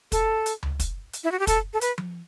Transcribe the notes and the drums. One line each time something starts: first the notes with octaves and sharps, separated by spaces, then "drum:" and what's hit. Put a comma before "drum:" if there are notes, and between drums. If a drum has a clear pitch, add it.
A4, drum: kick, hi-hat
drum: hi-hat
drum: tom C#2
drum: kick, hi-hat
drum: hi-hat
E4
F#4
G4
A4, drum: kick, hi-hat
A4
B4, drum: hi-hat
drum: tom F3